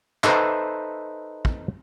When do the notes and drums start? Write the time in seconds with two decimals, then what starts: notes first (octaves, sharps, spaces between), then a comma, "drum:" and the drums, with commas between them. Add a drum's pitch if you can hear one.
0.24 D#4 A4 B4 C5 E5, drum: clap
1.45 drum: kick